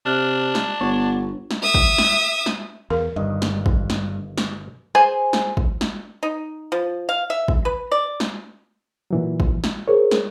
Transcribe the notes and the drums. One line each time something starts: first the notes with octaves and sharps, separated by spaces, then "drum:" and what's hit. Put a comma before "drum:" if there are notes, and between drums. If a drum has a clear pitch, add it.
C3 D4 F6 F#6
drum: snare
G1 B3 C#5 C#6
drum: snare
E5 D#6
drum: kick
drum: snare
drum: snare
E2 A#4 F5
G1 G2 D#3 D#5
drum: snare
drum: kick
drum: snare
drum: snare
G#4 C5 G#5
drum: snare
drum: kick
drum: snare
D#4
F3
F5
E5
drum: kick
B4
D5
drum: snare
A#2 E3 F#3
drum: kick
drum: snare
G#4 A#4 C5 C#5
drum: snare